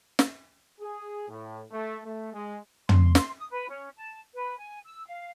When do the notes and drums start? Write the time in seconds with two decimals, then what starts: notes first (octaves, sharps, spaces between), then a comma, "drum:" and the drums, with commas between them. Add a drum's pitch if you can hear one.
0.19 drum: snare
0.81 G#4
1.29 A2
1.71 A3
2.05 A3
2.33 G#3
2.89 C6, drum: tom
3.15 C6, drum: snare
3.38 D#6
3.51 B4
3.70 C#4
3.97 A5
4.34 B4
4.59 G#5
4.85 E6
5.07 F5